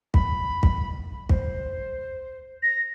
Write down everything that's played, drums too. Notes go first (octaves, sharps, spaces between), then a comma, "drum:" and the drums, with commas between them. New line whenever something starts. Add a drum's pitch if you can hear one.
B5, drum: kick
drum: kick
C5, drum: kick
A#6